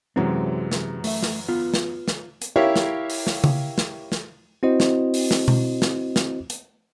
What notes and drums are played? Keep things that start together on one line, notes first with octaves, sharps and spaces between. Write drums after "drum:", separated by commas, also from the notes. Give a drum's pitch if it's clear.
F#2 C3 E3 F#3 G#3 C4
drum: snare
A3 E5, drum: open hi-hat
drum: snare
B3 F4
drum: snare
drum: snare
drum: hi-hat
E4 G4 A#4 C#5 E5 F5
drum: snare
drum: open hi-hat
drum: snare
drum: tom C#3
drum: snare
drum: snare
C4 E4 F#4 C5 D#5
drum: snare
drum: open hi-hat
drum: snare
drum: tom B2
drum: snare
drum: snare
drum: hi-hat